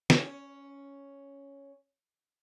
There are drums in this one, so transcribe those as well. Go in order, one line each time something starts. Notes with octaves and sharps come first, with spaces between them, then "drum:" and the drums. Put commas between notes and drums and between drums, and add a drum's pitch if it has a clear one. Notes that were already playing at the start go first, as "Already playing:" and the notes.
C#4 C#5, drum: snare